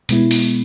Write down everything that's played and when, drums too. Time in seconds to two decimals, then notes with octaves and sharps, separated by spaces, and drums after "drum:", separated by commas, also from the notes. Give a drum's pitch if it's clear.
0.09 B2 G#3 B3 E4, drum: hi-hat
0.31 drum: open hi-hat